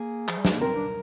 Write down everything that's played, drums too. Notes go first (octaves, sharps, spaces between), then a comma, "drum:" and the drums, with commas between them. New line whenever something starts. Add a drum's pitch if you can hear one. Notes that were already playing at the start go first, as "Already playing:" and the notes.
Already playing: A#3 G#4
F3, drum: clap
G3
G#3, drum: snare
A#3
C4 A#4
D4